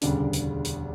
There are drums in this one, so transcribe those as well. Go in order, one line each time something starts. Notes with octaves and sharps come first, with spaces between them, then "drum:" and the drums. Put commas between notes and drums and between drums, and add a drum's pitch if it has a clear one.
E1 D2 C#3 G3 D4, drum: hi-hat
drum: hi-hat
drum: hi-hat